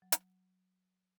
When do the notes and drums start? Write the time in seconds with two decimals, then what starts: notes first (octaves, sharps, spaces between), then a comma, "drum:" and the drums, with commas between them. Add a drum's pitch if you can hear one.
0.02 F#3
0.12 drum: hi-hat